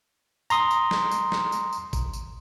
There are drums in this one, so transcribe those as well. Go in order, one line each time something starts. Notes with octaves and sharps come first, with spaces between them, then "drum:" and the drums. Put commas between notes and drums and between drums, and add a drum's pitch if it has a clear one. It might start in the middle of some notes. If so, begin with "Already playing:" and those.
A#5 C6 D#6, drum: tambourine
drum: tambourine
drum: snare
drum: tambourine
drum: snare
drum: tambourine
drum: tambourine
drum: kick G#1, tambourine
drum: tambourine